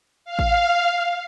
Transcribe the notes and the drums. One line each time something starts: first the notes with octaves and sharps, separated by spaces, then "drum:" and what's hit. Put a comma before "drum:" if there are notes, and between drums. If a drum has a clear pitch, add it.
F5
drum: kick A1